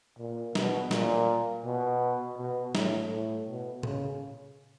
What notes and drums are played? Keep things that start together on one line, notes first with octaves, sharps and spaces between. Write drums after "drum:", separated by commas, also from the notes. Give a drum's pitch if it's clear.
A#2
B2, drum: snare
A#2, drum: snare
B2
B2
A2, drum: snare
A2
B2
C#3, drum: tom A2